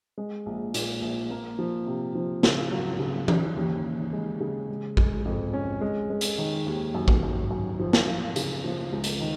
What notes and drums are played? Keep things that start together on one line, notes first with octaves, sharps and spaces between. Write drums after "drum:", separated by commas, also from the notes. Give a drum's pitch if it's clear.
G#3
A#1
A#2, drum: hi-hat
A#1
A#3
F3
C3
F3
C#3, drum: snare
F#3
C#3
C#3, drum: tom E3
D#2
D#2
G#3
C#3
G#3
G#3, drum: kick A1
F2
C#4
G#3
G#3
drum: hi-hat
D#3
D#2
F#2
drum: kick A1
F#2
F#2
F3
drum: snare
F3
C#3, drum: hi-hat
F3
C#2
drum: hi-hat
D#3